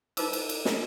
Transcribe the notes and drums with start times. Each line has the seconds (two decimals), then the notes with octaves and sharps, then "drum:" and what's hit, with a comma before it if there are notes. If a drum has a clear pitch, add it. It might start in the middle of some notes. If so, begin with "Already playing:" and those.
0.17 D#4 F4 B4 C5 D6 E6, drum: cymbal
0.33 drum: cymbal
0.49 drum: cymbal
0.65 drum: snare